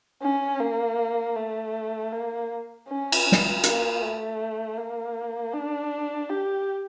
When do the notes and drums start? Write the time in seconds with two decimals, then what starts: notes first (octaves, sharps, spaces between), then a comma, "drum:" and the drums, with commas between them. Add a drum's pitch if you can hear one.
0.22 C#4
0.60 A#3
1.36 A3
2.12 A#3
2.88 C#4
3.12 drum: cymbal
3.32 drum: snare
3.63 A#3, drum: hi-hat
4.02 A3
4.78 A#3
5.54 D4
6.30 G4